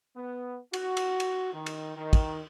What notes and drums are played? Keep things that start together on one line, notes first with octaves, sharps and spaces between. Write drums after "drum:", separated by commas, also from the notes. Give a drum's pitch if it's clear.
B3
F#4, drum: cymbal
drum: cymbal
drum: cymbal
D#3
drum: cymbal
D#3
drum: kick, cymbal